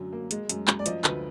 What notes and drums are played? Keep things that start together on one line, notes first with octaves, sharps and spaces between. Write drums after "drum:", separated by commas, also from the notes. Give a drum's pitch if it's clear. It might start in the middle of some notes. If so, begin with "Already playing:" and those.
Already playing: F#2 D3 F#3
A#3
G#3, drum: hi-hat
F#2, drum: hi-hat
F#2, drum: clap
D5
F3 D#5, drum: hi-hat
D2 B4, drum: clap